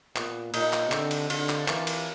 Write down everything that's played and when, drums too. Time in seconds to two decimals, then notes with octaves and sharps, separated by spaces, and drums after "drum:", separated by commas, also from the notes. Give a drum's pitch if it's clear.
0.16 A#2 B3, drum: clap
0.54 A#2 D#4, drum: cymbal
0.73 drum: clap
0.91 D3 C4, drum: clap
1.11 drum: cymbal
1.30 D3 F4, drum: cymbal
1.49 drum: clap
1.68 E3 A#3, drum: clap
1.87 drum: cymbal